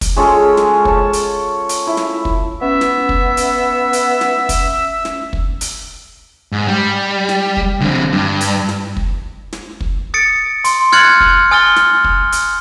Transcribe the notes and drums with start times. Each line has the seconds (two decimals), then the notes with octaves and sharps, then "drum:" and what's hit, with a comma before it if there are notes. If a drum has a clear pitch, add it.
0.01 drum: kick, hi-hat
0.16 G#3 C#4 F4 A4
0.57 drum: snare
0.85 C#5 A5, drum: kick
1.13 drum: hi-hat
1.69 drum: hi-hat
1.87 E4
1.97 drum: snare
2.25 drum: kick
2.62 B3 C#4 E5
2.81 drum: snare
3.09 drum: kick
3.37 drum: hi-hat
3.93 drum: hi-hat
4.21 drum: snare
4.49 drum: kick, hi-hat
5.05 drum: snare
5.33 drum: kick
5.61 drum: hi-hat
6.52 G#2
6.67 G3
7.29 drum: snare
7.57 drum: kick
7.81 D3 C4
8.12 G2
8.41 drum: hi-hat
8.69 drum: snare
8.97 drum: kick
9.53 drum: snare
9.81 drum: kick
10.14 D#6 A6 C#7 D7
10.64 C6, drum: hi-hat
10.92 F6 F#6 G#6 A6 C#7 F#7, drum: snare
11.20 drum: kick
11.51 G#5 D#6 F6 A6 G7
11.76 drum: snare
12.04 drum: kick
12.32 drum: hi-hat